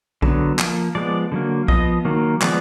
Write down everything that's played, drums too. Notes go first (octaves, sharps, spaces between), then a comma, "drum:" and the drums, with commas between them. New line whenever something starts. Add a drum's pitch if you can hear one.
D3 F#3 B3, drum: kick
F3 A#3, drum: clap
F3 G#3 B3 D5
D3 F#3 A#3
F3 B3 D#5, drum: kick
D#3 F#3 A#3
F3 G#3 B3 D5, drum: clap